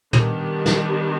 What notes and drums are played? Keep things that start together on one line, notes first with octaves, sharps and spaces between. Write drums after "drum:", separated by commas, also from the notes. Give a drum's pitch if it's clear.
D#3 G3 B3 D4 G4, drum: tom
drum: snare